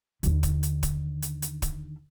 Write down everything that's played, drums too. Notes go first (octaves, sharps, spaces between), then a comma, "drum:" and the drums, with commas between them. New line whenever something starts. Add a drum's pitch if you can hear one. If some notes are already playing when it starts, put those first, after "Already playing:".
D#2 D3, drum: hi-hat
drum: kick, hi-hat
drum: hi-hat
drum: kick, hi-hat
drum: hi-hat
drum: hi-hat
drum: kick, hi-hat